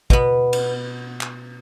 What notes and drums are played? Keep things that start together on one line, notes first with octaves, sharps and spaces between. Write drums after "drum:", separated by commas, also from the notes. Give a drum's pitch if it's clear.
B2 B3, drum: kick
drum: cymbal
drum: clap